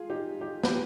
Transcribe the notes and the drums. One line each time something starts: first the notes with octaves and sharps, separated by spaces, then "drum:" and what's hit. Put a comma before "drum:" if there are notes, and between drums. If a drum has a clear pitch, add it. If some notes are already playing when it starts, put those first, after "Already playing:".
Already playing: F4 G#4
D#4 G4
D#4 G4
G4 B4, drum: snare